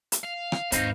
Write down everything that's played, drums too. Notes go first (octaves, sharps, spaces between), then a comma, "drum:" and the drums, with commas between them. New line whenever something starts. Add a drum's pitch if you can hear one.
drum: hi-hat
F5
drum: rim click
D#2 G#2 C4 D#4 B4 F5, drum: hi-hat